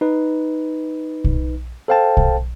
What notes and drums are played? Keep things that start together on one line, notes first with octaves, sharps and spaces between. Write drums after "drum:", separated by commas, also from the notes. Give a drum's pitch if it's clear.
D#4 B4
drum: kick
A4 C5 F5 G5 A5
drum: kick